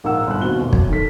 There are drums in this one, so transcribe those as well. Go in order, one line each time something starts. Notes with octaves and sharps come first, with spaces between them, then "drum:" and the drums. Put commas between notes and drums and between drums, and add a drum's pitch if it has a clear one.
A#1 G#2 A#3 F5 F#5 E6
G1 F#6
D#2 B2 C4 F#4 G7
E1
F#2, drum: kick
D#3 A4 B6